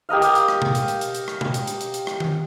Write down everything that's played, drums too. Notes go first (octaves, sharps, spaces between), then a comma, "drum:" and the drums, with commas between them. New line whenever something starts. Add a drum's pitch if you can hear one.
G4 A#4 D#5 F5
drum: hi-hat
drum: hi-hat
drum: rim click
drum: tom B2
drum: hi-hat
drum: hi-hat
drum: hi-hat
drum: hi-hat
drum: rim click
drum: tom B2
drum: hi-hat
drum: hi-hat
drum: hi-hat
drum: hi-hat
drum: rim click
drum: tom D#3